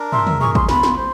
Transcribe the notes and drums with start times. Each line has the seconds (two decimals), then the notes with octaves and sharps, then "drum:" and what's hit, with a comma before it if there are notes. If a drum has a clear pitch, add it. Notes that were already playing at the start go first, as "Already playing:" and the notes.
Already playing: D4 A#4
0.12 E5 C6, drum: tom
0.27 drum: tom
0.41 G#4 C#6, drum: tom
0.55 C6, drum: kick A1
0.69 F4 B5, drum: snare
0.83 drum: snare
0.97 C5